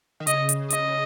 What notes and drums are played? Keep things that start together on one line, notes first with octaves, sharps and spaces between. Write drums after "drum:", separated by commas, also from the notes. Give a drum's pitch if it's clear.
D#3
C#3 D#5, drum: hi-hat
drum: hi-hat
D#5, drum: hi-hat